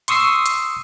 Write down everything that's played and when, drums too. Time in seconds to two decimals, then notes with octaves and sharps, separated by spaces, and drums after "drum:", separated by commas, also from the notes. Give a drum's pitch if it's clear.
0.08 C6 C#6 D#6 E6 C7 C#7, drum: hi-hat
0.46 drum: hi-hat